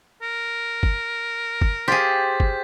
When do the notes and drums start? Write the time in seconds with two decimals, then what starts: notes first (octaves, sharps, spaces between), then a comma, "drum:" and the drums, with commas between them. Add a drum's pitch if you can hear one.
0.22 A#4
0.83 drum: kick G1
1.62 drum: kick G1
1.88 G4 G#4 C5 F5 G5 G6 A6 B6
2.40 drum: kick G1